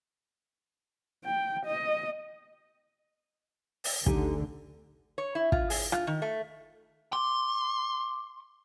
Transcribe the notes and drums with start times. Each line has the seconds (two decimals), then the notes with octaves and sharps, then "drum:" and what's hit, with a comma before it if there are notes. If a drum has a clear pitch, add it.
1.25 G5
1.66 D#5
3.84 drum: open hi-hat
4.06 D2 D3 D#4 G4 G#5, drum: kick
5.18 C#5
5.35 E4
5.52 F4, drum: kick
5.70 G#4, drum: open hi-hat
5.92 F4, drum: rim click
6.07 D#3
6.22 A3
7.13 C6 D6